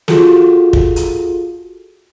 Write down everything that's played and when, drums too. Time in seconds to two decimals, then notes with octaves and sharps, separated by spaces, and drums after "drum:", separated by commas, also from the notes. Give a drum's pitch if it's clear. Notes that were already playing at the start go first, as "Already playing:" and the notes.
0.08 F4 F#4 G#4 A4, drum: snare
0.73 drum: kick
0.96 drum: hi-hat